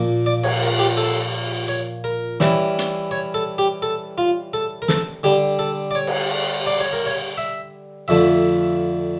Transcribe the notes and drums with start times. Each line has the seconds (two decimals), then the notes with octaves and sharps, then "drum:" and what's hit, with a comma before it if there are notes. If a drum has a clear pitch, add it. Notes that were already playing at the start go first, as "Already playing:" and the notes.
Already playing: A#2 F3 A#3
0.26 D5
0.44 C#5, drum: cymbal
0.62 A#4
0.79 G4
0.97 A4
1.68 C#5
2.04 A#4
2.40 E3 G3 C#4 E4, drum: snare
2.79 drum: hi-hat
3.11 C#5
3.34 A4
3.58 G4
3.82 A4
4.18 F4
4.54 A4
4.82 A#4
4.88 A4, drum: snare
5.23 D3 G3 D4 G4
5.59 A4
5.91 D5
5.95 C#5
6.07 drum: cymbal
6.66 D5
6.80 C#5
6.93 A#4
7.06 C#5
7.38 E5
8.08 F2 D3 F3 A3 E5